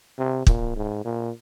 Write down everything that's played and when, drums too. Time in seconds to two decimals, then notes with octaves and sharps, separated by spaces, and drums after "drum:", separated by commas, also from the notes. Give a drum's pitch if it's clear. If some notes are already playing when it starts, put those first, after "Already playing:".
0.19 C3
0.47 A#2, drum: kick
0.76 G#2
1.05 A#2